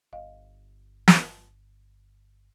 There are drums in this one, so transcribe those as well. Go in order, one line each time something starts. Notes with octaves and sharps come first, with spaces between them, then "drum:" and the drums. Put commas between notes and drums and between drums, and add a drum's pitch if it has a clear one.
G1 D#5 F5
drum: snare